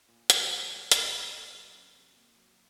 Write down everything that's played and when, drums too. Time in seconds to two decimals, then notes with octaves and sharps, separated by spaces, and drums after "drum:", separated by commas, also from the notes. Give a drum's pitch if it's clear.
0.09 A#2
0.30 A#2, drum: hi-hat
0.50 A#3
0.70 F#3
0.92 A#2, drum: hi-hat
1.13 A#2
1.33 A#3
1.54 F#3
1.75 C#4
1.95 C3
2.16 A#3
2.36 F#3